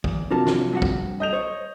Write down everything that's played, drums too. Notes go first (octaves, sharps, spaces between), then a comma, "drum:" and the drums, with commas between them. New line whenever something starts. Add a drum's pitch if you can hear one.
E2, drum: kick
C3 F3 F#3 D4 A#4 A5
drum: snare
G2 F#4 F#5
drum: kick
D#5 G6 F7
C5 C#5